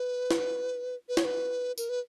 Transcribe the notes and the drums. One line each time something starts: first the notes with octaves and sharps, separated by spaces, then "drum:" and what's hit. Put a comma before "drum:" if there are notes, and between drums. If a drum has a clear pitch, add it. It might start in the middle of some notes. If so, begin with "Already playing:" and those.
Already playing: B4
drum: snare
B4
C#5, drum: snare
B4
A#4, drum: tambourine
B4